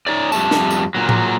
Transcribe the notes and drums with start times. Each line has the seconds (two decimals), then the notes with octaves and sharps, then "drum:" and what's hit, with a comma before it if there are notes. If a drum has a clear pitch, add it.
0.07 D#4 C#5 D5
0.32 F2 G3 A3 A5, drum: tambourine
0.51 drum: snare
0.70 drum: tambourine
0.95 A#2 F#3
1.09 drum: tom A2